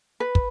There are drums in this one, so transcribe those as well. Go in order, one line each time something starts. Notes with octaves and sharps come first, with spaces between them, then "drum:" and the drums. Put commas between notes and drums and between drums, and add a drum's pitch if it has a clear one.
B4
drum: kick